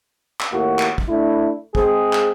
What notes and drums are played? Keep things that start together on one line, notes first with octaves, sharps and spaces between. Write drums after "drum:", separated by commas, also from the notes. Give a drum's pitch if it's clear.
drum: clap
D#2 A2 A#3 F#4
drum: clap
drum: kick
A3 D4 E4
G#3 C4 G#4, drum: kick
drum: clap